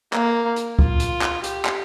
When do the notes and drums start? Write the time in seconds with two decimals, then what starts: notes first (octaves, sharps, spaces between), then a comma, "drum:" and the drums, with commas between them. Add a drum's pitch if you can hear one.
0.13 A#3, drum: clap
0.56 drum: hi-hat
0.79 F4, drum: kick C#2
1.00 drum: hi-hat
1.22 drum: clap
1.44 G4, drum: hi-hat
1.65 drum: clap